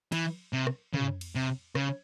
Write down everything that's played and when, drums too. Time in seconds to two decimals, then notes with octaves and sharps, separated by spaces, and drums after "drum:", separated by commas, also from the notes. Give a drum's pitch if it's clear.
0.12 E3, drum: cymbal
0.53 C3
0.67 drum: rim click
0.93 C#3, drum: tom
1.21 drum: cymbal
1.35 C3
1.75 C#3, drum: rim click